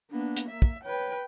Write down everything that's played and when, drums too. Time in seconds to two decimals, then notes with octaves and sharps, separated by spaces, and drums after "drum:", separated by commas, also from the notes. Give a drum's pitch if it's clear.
0.11 A#3 B3 D4
0.36 drum: hi-hat
0.49 A#3 E5
0.62 drum: kick
0.84 B4 C#5 G5